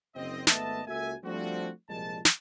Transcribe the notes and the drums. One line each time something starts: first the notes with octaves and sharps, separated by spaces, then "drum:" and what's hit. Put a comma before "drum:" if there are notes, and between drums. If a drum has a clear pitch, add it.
F#1 C4 D#5
G#1 A3 B3 D#5 E5 A5, drum: snare
C#2 A#3 F#4 A4 E5 G#5
F3 G3 A3 C4 D4 F#4
C2 A#2 F3 G3 G#3 A5
drum: snare